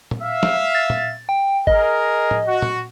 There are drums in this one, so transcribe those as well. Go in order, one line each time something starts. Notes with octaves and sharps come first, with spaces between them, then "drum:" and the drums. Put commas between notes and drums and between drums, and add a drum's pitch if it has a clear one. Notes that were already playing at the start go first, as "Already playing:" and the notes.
drum: tom A#2
E5 F5
drum: snare
A6
drum: tom A#2
G5
G#4 A#4 D#5, drum: kick G#1
drum: tom
F#4
drum: tom A#2